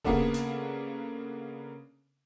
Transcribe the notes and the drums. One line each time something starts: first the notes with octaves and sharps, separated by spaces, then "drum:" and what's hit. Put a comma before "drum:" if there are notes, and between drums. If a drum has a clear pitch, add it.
C#3 A#3 B3 D4 A4, drum: kick D#1
drum: hi-hat